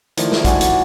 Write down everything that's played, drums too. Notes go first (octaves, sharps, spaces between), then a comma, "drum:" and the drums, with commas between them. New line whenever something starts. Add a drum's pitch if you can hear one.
D#3 F3 A3 E4 D5, drum: hi-hat
drum: snare
F#4 D5 G#5, drum: kick, hi-hat
drum: hi-hat